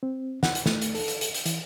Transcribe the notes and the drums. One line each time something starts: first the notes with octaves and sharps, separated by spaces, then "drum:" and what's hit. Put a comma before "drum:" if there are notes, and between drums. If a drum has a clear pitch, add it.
C4
F#5, drum: snare
drum: hi-hat
A3, drum: snare
drum: hi-hat
A4, drum: open hi-hat
drum: hi-hat
drum: hi-hat
drum: hi-hat
E3, drum: hi-hat